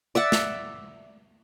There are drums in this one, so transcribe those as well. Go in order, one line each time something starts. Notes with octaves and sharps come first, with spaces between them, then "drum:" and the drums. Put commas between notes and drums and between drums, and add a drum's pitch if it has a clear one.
D5 E5 F#5
drum: snare